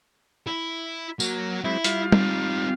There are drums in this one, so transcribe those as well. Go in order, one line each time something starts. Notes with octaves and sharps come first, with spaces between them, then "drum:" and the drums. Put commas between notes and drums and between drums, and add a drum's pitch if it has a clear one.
E4
F#3 A#3, drum: tambourine
F#3 G#3 C4 E4
G3 F4 F5, drum: hi-hat
C4 D#4, drum: tom